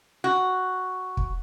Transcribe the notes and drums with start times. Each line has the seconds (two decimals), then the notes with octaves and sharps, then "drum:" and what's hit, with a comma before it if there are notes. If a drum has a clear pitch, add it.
0.24 F#4
1.17 drum: kick